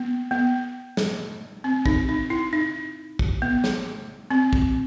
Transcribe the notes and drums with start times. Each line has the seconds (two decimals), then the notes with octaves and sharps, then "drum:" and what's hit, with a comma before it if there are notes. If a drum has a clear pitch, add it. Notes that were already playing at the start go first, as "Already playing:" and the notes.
Already playing: B3
0.31 B3
0.97 drum: snare
1.64 C4
1.86 D#4, drum: kick
2.09 D#4
2.30 E4
2.53 D#4
3.19 drum: kick
3.42 B3
3.64 drum: snare
4.30 C4
4.53 drum: kick